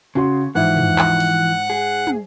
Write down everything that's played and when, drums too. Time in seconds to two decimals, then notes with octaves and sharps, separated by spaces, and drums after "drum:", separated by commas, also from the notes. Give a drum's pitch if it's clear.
0.15 C#3 C#4 F#4 C6
0.55 G#2 E3 F3 E5 F#5 F#6
0.77 drum: tom
0.99 drum: clap
1.20 drum: open hi-hat
1.70 G#4
2.07 drum: tom